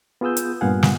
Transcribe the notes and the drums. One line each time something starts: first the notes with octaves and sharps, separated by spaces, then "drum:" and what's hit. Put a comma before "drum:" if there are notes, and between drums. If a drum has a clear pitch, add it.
B3 F4 G#4 D#6 E6 G6
drum: hi-hat
G2 A#2 B3 F5 F#5 G#5
drum: snare